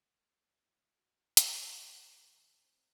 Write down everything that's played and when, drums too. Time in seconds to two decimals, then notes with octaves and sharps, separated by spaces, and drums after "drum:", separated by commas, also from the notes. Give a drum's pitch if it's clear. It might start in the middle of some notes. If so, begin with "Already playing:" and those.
0.30 C#3
0.59 A2
0.90 F#4
1.37 F2, drum: hi-hat
1.70 D3
2.17 E3
2.58 C4